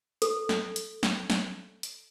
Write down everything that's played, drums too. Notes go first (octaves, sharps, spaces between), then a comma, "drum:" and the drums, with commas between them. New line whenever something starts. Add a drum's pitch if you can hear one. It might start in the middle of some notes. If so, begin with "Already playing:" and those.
A4, drum: hi-hat
drum: snare
drum: hi-hat
drum: snare
drum: snare
drum: hi-hat